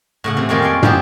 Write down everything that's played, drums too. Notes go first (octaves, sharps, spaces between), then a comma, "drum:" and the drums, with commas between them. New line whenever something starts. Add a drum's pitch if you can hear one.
A2 C#3 F#5
C3 E3 A3
F2 A#2 D#3 G#3 C#4 F4
C#5 D5 C6
D3 F3 B3 D4 G4 G#4, drum: tom